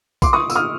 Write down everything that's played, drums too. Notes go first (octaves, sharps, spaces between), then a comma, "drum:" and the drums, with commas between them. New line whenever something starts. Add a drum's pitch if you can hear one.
C6 D6, drum: kick B1, tambourine
C#6 D#6
E6, drum: tambourine
D#6 F6